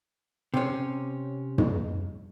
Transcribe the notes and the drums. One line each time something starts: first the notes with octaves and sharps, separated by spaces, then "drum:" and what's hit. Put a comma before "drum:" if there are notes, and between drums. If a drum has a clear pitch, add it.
C3 C#4
drum: tom